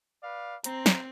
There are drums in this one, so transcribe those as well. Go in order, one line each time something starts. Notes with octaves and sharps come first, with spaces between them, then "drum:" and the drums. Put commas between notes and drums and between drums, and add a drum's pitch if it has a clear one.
B4 D5 F5
C4 C5 A#5, drum: hi-hat
drum: snare